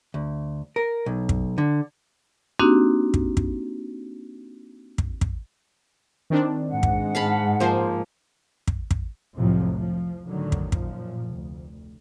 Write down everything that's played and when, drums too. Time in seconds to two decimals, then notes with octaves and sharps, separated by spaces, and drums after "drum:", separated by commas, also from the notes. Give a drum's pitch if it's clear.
0.14 D2
0.76 A#4
1.06 B1
1.29 drum: kick
1.58 D3
2.60 A#3 C4 D4 D#4 F#4 G4
3.14 drum: kick
3.37 drum: kick
4.98 drum: kick
5.21 drum: kick
6.30 D#3 C4 D4
6.70 G#2 G#3 F#5
6.83 drum: kick
7.15 F5 A5 B5
7.60 F3 A#3 C5
8.68 drum: kick
8.91 drum: kick
9.37 C2 F2 A2 C3 F3 F#3
9.74 F3
10.28 A2 D3 D#3 F#3
10.52 drum: kick
10.72 F#2 A#2 F3, drum: kick
11.29 F1 D2